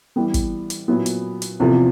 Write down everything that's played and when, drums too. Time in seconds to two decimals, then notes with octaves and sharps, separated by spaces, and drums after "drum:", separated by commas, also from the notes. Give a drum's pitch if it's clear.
0.16 E3 G3 B3
0.34 drum: kick, hi-hat
0.70 drum: hi-hat
0.88 A#2 F#3 B3 E4
1.06 drum: hi-hat
1.42 drum: hi-hat
1.60 E2 C3 F3